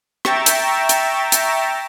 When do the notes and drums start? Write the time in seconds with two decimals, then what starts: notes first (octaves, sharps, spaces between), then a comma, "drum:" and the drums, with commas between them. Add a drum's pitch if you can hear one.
0.25 E5 G5 A#5 C#6 A6 E7, drum: rim click
0.46 drum: hi-hat
0.89 drum: hi-hat
1.32 drum: hi-hat